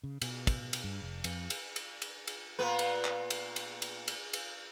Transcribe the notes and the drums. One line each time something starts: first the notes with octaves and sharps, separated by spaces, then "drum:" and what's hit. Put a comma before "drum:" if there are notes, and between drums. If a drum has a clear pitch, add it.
C#3
B2, drum: cymbal
drum: kick, cymbal
drum: cymbal
G2
F1
F2, drum: cymbal
drum: cymbal
drum: cymbal
drum: cymbal
drum: cymbal
A#2 B3 B4
drum: cymbal
drum: clap
drum: cymbal
drum: cymbal
drum: cymbal
drum: cymbal
drum: cymbal